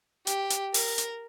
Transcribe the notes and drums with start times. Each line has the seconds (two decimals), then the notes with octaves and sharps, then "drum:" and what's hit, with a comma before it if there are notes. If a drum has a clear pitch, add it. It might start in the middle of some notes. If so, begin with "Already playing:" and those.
0.27 G4, drum: hi-hat
0.50 drum: hi-hat
0.74 A#4, drum: open hi-hat
0.98 drum: hi-hat